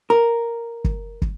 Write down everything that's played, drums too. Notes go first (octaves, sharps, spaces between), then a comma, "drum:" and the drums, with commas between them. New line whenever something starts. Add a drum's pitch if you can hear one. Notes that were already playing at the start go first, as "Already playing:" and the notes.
A#4
drum: kick
drum: kick